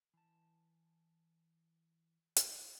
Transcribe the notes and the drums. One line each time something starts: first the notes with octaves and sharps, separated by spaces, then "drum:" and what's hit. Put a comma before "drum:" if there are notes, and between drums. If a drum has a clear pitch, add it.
E3 A5
E4, drum: hi-hat